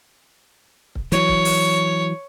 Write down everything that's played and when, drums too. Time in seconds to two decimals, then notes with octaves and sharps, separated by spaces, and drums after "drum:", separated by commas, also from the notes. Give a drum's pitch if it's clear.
0.95 drum: kick C#1
1.12 E3 F#3 C#5, drum: hi-hat
1.28 drum: kick C#1
1.45 drum: open hi-hat